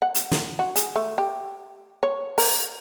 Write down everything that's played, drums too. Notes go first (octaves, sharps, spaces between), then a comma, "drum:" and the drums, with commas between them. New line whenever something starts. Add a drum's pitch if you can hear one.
F#5
drum: hi-hat
drum: snare
F#4
G#4, drum: hi-hat
A3
G4
C#5
A#4, drum: open hi-hat